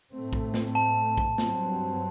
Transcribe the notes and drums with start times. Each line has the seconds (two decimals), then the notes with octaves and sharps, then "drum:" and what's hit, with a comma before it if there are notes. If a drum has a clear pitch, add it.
0.12 A2 A3 C4
0.33 drum: kick A#1
0.54 drum: snare
0.75 A5
1.17 drum: kick A#1
1.38 G2 F#3 C4, drum: snare